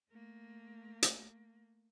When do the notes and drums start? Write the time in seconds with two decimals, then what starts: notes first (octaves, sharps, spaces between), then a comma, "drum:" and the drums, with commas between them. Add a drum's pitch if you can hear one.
0.11 A3 A#3
1.02 drum: hi-hat